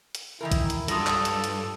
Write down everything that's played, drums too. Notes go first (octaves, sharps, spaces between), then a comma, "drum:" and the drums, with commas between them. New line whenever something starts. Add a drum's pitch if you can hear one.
drum: hi-hat
D#3 E3 E4 A#4
drum: kick, hi-hat
drum: hi-hat
G2 F#3 F4 A4 D#6 A#6, drum: hi-hat
drum: clap
drum: hi-hat
drum: hi-hat